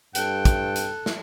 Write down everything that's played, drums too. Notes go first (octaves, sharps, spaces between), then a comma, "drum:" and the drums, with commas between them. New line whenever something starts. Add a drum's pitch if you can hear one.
G2 A4 G5 F#6, drum: hi-hat
drum: kick, hi-hat
drum: hi-hat
drum: snare